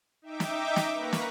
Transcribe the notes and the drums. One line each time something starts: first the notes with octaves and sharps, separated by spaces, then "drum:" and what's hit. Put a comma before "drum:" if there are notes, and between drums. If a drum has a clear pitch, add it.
D#4 E5 G5 D6
drum: snare
drum: snare
A#3 B4 A#5 C#6 B6
drum: snare